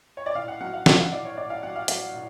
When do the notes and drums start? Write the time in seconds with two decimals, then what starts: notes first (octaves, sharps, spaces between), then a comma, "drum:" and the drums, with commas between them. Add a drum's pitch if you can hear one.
0.17 C#5
0.26 D5
0.35 A2 F5
0.48 F#5
0.61 F#3 F#5
0.73 F5
0.86 F#3 F5, drum: snare
0.99 F5
1.12 A2 D5
1.25 C#5
1.37 A2 D5
1.50 F5
1.63 F#3 F#5
1.76 F5
1.88 F#3 F5, drum: hi-hat
2.13 A2